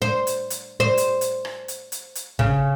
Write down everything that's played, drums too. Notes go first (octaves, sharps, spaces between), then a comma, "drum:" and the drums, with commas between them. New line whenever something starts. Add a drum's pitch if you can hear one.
C5
drum: hi-hat
drum: hi-hat
C5
drum: hi-hat
drum: hi-hat
drum: rim click
drum: hi-hat
drum: hi-hat
drum: hi-hat
C#3, drum: kick